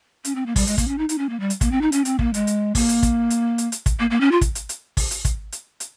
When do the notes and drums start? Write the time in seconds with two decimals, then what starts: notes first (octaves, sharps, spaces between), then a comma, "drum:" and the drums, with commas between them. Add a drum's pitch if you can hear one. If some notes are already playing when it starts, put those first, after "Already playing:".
0.25 C#4, drum: hi-hat
0.35 C4
0.46 A#3
0.56 G3, drum: kick, open hi-hat
0.67 G#3, drum: hi-hat
0.78 A#3, drum: kick, hi-hat
0.88 C#4
0.98 D#4
1.09 D#4, drum: hi-hat
1.18 C#4
1.29 A#3
1.40 G3
1.50 drum: hi-hat
1.61 A#3, drum: kick, hi-hat
1.71 C4
1.81 D#4
1.92 C#4, drum: hi-hat
2.05 C4, drum: hi-hat
2.19 A#3, drum: kick
2.34 G#3, drum: hi-hat
2.47 drum: hi-hat
2.75 A#3, drum: kick, open hi-hat
2.89 drum: hi-hat
3.03 drum: kick, hi-hat
3.30 drum: hi-hat
3.58 drum: hi-hat
3.72 drum: hi-hat
3.86 drum: kick, hi-hat
3.99 A#3
4.10 A#3
4.21 C#4
4.31 F4
4.41 drum: kick, hi-hat
4.55 drum: hi-hat
4.69 drum: hi-hat
4.97 drum: kick, open hi-hat
5.11 drum: hi-hat
5.25 drum: kick, hi-hat
5.52 drum: hi-hat
5.80 drum: hi-hat